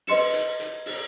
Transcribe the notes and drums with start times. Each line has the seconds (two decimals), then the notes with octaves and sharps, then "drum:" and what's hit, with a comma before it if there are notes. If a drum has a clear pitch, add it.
0.07 B4 D#5 C6 C#7 E7, drum: open hi-hat
0.33 drum: hi-hat
0.60 drum: hi-hat
0.86 drum: open hi-hat